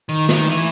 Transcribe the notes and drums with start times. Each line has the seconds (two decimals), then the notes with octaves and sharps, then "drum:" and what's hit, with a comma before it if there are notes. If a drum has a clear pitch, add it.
0.09 D#3
0.29 D#3, drum: snare
0.49 E3